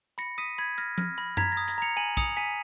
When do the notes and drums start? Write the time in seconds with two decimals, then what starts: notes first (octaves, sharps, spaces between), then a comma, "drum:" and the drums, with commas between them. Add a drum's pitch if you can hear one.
0.18 B5 A#6 C#7
0.38 D#6 B6 D#7
0.58 B5 G#6 B6
0.78 F6 A#6
0.98 F6 A#6, drum: tom F3
1.18 B5 A#6
1.37 A#5 G#6 B6, drum: tom F#2
1.52 D#6 A#6
1.68 A#6, drum: hi-hat
1.78 A#5 C#7 F7
1.97 G#5 D#7 F#7
2.17 D#6 C#7 F7, drum: kick
2.37 G#5 B6 D#7